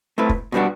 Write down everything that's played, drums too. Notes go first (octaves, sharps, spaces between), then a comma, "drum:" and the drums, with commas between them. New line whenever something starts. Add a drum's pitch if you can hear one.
A3 C4 E4 B4
drum: kick
B2 G3 B3 D4 F#4